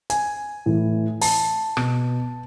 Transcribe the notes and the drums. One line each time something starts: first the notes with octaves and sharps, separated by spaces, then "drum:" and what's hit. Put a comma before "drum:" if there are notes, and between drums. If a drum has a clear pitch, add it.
G#5, drum: hi-hat
A2 E3
A5, drum: open hi-hat
B2, drum: rim click